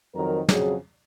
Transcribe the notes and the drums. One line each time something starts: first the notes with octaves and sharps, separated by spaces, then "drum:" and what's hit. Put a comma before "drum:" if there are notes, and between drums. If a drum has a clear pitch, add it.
F2 D#3 F#3 A#4
F2 C#3 F#3 G#4, drum: snare